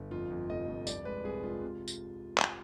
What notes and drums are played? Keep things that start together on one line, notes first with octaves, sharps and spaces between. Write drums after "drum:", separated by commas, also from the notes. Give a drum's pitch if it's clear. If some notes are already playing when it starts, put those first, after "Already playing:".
Already playing: G1
F2 F4
F2
F1 D#5
F2
C2 D5, drum: tambourine
G#3 B4
C2 G#4
G#3 F4
C3
drum: tambourine
drum: clap